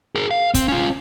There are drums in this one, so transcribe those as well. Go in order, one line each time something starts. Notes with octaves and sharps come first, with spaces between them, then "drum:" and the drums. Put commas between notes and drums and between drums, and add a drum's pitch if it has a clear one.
G#4 A#4
F5
C4, drum: kick, hi-hat
C#4 F4